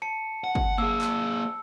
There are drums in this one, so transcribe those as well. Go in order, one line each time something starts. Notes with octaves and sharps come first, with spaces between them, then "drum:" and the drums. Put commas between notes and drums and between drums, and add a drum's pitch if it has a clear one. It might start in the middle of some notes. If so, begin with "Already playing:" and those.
A5 C#7
F#5
drum: kick
A#3 G#4 E6
drum: clap